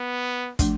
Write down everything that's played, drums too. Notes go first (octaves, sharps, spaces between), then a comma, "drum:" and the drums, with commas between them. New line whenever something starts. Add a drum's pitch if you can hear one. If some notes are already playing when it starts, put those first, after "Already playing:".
Already playing: B3
F3 A3 D4, drum: kick, hi-hat